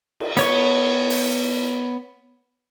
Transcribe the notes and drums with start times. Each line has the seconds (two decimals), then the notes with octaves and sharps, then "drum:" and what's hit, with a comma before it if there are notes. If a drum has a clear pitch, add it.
0.20 drum: cymbal
0.37 B3 C#5 C#6, drum: hi-hat
1.10 drum: open hi-hat